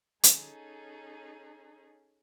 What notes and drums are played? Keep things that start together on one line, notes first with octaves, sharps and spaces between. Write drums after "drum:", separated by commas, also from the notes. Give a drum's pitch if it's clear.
C#4 D#4 G#4 A4, drum: hi-hat